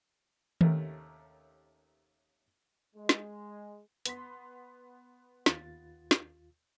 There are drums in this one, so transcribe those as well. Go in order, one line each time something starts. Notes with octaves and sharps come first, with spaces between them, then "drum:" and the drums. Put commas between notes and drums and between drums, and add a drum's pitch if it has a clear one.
D#2 C3 A3 C#4 A#4, drum: tom D#3
G#3
drum: snare
B3 C6 B6, drum: hi-hat
D#2 F4 A6, drum: snare
drum: snare